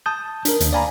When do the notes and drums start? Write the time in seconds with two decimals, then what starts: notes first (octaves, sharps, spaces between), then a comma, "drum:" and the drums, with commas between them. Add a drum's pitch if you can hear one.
0.06 A5 D#6 G6
0.45 D4 A#4, drum: hi-hat
0.60 D#2, drum: hi-hat
0.73 D5 F5 G#5 A#5 B5